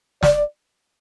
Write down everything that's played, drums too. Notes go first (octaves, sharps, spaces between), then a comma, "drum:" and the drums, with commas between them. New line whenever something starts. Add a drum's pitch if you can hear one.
D5, drum: snare